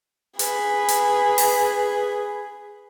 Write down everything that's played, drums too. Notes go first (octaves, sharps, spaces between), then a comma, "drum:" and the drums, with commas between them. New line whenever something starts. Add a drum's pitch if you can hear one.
G#4 B4, drum: hi-hat
drum: hi-hat
drum: open hi-hat